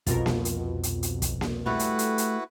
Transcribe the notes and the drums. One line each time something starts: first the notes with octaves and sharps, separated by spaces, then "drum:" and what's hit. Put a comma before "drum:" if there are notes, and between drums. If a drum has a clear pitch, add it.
C2 F2 B2 F4 A#4, drum: kick, hi-hat
drum: snare A#3
drum: hi-hat
drum: hi-hat
drum: hi-hat
drum: kick, hi-hat
drum: snare A#3
G3 A3 E4 F#4 B4
drum: hi-hat
drum: hi-hat
drum: hi-hat